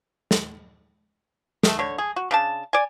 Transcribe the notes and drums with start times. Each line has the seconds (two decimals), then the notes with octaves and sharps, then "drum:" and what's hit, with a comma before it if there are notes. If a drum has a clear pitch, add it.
0.31 drum: snare
1.63 D#3 A3, drum: snare
1.79 D3 C#5
1.98 G#4
2.16 F#4
2.31 C#3 D4 A5
2.73 D5 G#5